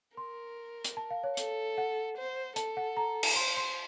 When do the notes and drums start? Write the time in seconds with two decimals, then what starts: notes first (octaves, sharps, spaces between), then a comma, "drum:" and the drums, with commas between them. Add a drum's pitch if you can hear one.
0.17 A#4 C6
0.85 drum: hi-hat
0.97 A5
1.11 F5
1.24 C#5
1.37 A4, drum: hi-hat
1.78 F#5
2.17 C5
2.56 A4 A5, drum: hi-hat
2.77 F#5
2.97 A#5
3.23 drum: cymbal
3.36 C5 C6
3.57 C6